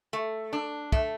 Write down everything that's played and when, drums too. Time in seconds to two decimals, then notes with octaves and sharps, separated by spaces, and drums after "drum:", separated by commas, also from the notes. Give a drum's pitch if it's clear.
0.13 A3
0.53 D4
0.92 A3, drum: kick